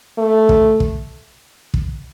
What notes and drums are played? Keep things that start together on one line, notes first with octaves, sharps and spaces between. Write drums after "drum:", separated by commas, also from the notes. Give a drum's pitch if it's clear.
A3
drum: kick
drum: kick
drum: kick